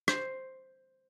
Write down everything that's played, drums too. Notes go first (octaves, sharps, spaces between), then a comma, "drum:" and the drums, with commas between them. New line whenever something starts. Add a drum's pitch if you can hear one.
C5, drum: rim click